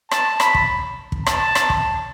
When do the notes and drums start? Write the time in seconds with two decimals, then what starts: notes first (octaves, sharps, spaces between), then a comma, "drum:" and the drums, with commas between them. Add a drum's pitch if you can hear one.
0.11 A5, drum: rim click
0.40 B5, drum: rim click
0.54 drum: kick
1.12 drum: kick
1.26 A5, drum: rim click
1.55 drum: rim click
1.70 drum: kick